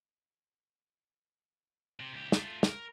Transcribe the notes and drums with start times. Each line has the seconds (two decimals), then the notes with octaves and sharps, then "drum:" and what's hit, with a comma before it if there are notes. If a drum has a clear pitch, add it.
2.00 C3
2.14 C#2 G4
2.32 A3 F4, drum: snare
2.63 A#4, drum: snare